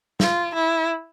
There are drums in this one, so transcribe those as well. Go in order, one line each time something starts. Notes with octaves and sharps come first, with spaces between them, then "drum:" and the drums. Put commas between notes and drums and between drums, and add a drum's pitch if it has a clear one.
F4, drum: snare
E4